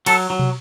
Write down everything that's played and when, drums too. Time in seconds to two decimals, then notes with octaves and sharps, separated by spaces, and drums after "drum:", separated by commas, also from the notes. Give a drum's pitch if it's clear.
0.06 F#3 A4, drum: cymbal
0.30 F#3
0.39 drum: tom